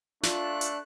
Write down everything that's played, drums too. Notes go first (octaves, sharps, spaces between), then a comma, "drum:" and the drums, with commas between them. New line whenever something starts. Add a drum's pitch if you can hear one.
A3 D4 F4 F#6, drum: snare
drum: hi-hat